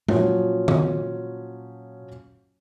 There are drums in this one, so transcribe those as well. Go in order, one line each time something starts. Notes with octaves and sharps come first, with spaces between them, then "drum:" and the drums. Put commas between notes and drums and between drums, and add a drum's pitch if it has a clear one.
A#2 F3 F#3 C#4, drum: tom G#3
drum: tom D#3